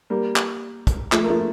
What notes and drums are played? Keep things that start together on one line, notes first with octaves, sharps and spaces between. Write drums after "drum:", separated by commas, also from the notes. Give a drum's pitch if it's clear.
G3 A#3
drum: clap
drum: kick, hi-hat
F3 A3, drum: clap
A#3
F3 A3